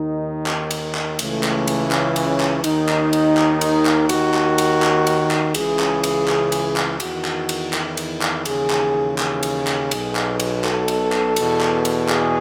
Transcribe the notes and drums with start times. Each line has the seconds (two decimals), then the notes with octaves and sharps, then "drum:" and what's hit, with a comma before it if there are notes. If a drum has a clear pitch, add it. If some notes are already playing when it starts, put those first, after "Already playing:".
Already playing: D#2 D#3 D#4
0.46 drum: clap
0.71 drum: cymbal
0.95 drum: clap
1.19 C#2 C#3 E3 A3, drum: cymbal
1.43 drum: clap
1.67 drum: cymbal
1.91 C#4, drum: clap
2.16 drum: cymbal
2.40 drum: clap
2.64 D#2 D#3 D#4, drum: cymbal
2.89 drum: clap
3.13 drum: cymbal
3.37 drum: clap
3.61 drum: cymbal
3.86 drum: clap
4.09 D#2 D#3 F#4, drum: cymbal
4.34 drum: clap
4.58 drum: cymbal
4.82 drum: clap
5.07 drum: cymbal
5.31 drum: clap
5.54 C#2 C#3 E3 G#4, drum: cymbal
5.79 drum: clap
6.04 drum: cymbal
6.28 drum: clap
6.52 drum: cymbal
6.76 drum: clap
7.00 E2 D#3 F#4, drum: cymbal
7.25 drum: clap
7.49 drum: cymbal
7.73 E4, drum: clap
7.97 drum: cymbal
8.22 drum: clap
8.45 D#2 C#3 E3 G#4, drum: cymbal
8.70 drum: clap
9.18 G#4, drum: clap
9.43 drum: cymbal
9.67 drum: clap
9.91 B1 B2, drum: cymbal
10.15 drum: clap
10.40 drum: cymbal
10.64 A4, drum: clap
10.88 drum: cymbal
11.12 drum: clap
11.36 E2 B2, drum: cymbal
11.61 drum: clap
11.85 drum: cymbal
12.09 G#4, drum: clap